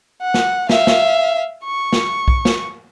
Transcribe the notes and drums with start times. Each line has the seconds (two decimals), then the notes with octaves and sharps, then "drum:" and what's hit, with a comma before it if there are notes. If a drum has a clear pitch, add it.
0.22 F#5
0.34 drum: snare
0.69 E5 F5, drum: snare
0.87 drum: snare
1.64 C#6
1.93 drum: snare
2.28 drum: kick B1
2.45 drum: snare